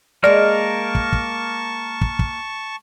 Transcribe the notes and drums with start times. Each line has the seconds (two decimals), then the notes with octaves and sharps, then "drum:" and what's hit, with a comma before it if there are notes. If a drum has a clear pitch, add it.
0.24 G#3 A#3 A#4 D5 F5 A5 C#6
0.95 drum: kick
1.13 drum: kick
2.01 drum: kick
2.19 drum: kick